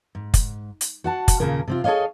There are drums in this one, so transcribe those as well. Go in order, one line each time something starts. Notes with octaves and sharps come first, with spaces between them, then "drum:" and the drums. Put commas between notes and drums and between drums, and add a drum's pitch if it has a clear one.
G#2
drum: kick, hi-hat
drum: hi-hat
F#4 F#5 A5
drum: kick, hi-hat
D#2 A#2 C#3 A#3 A#4
C3 C4 F4
G#4 A4 B4 C#5 D#5 F5